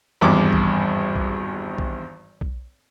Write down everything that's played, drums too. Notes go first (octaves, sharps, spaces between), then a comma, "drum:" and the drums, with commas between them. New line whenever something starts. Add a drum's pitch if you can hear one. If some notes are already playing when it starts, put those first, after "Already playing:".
G#1 E2 G2 G#4 D6
drum: kick
drum: kick
drum: kick
drum: kick